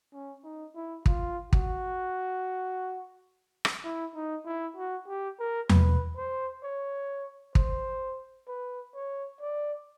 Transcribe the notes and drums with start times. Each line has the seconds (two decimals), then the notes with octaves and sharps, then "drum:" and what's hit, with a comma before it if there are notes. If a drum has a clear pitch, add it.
0.13 C#4
0.44 D#4
0.75 E4
1.06 F4, drum: kick
1.53 F#4, drum: kick
3.65 drum: rim click
3.84 E4
4.15 D#4
4.46 E4
4.77 F#4
5.07 G4
5.40 A#4
5.69 B4, drum: tom E2
6.16 C5
6.63 C#5
7.55 C5, drum: kick
8.48 B4
8.95 C#5
9.41 D5